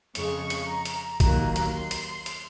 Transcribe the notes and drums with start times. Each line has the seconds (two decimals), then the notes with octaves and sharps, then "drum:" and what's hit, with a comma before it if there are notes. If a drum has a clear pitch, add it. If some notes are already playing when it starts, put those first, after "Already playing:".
0.15 F2 C#3 G#3 C#6, drum: hi-hat
0.50 drum: hi-hat
0.68 A#5
0.85 drum: hi-hat
1.20 D#2 D#3 F#3 A#3, drum: kick, hi-hat
1.56 drum: hi-hat
1.74 C6
1.91 drum: hi-hat
2.26 drum: hi-hat